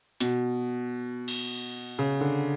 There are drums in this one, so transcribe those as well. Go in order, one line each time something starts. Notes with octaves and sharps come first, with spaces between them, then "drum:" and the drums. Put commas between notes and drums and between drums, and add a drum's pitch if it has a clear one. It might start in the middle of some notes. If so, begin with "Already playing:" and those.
B2, drum: hi-hat
drum: cymbal
C#3
D3